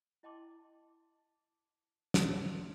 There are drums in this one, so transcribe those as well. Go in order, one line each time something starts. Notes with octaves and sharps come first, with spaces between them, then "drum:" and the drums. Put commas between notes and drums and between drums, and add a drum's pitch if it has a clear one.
E4 D#5 G5 A5 C6 D6
drum: snare